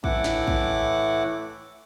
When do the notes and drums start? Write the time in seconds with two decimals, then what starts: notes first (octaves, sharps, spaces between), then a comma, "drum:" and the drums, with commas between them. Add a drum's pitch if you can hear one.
0.04 A2 E3 A3 E4 F#5 D6, drum: kick
0.24 drum: snare
0.47 drum: kick